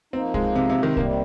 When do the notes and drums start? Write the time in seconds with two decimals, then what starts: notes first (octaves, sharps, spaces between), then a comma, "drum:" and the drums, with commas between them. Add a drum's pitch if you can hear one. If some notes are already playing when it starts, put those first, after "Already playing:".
0.13 F3 A#3 C4 D#4
0.34 G#3, drum: kick
0.56 C3
0.70 C3
0.83 D#3
0.97 C3 D#3 G3 A#3, drum: kick